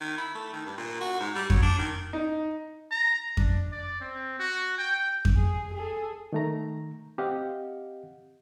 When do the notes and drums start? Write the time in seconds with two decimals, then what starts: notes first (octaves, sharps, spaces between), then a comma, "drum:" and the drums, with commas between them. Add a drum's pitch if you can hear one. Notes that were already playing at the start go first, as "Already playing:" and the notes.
0.01 D#3
0.17 E4
0.35 A3
0.53 D#3
0.66 G2
0.77 A#2
1.01 F#4
1.20 G#2
1.35 G3
1.50 F#3, drum: kick F2
1.63 D4
1.79 D#3
2.13 D#4
2.91 A#5
3.37 D4, drum: kick F2
3.72 D5
4.00 C4
4.39 F#4
4.78 G5
5.25 drum: kick F2
5.36 G#4
5.74 G#4 A4
6.33 D#3 A3 A#5
7.18 C4 G4 D#5 F5 F#5